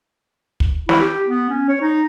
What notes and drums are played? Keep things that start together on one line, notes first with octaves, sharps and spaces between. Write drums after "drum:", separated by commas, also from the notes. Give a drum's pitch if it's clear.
drum: kick
E4, drum: snare
G4
B3
C#4
C#5
D#4